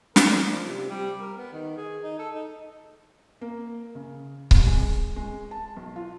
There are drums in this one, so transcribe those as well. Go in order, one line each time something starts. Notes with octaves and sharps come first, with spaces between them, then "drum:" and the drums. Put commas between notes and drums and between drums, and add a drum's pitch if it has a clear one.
A#4, drum: snare
D5
F3
C3
G3
A#4
B3
D#3
G#4
D#4
A4
D#4
A#3
C#3
C2, drum: kick C#1
G#3
G#3
A5
B1
F4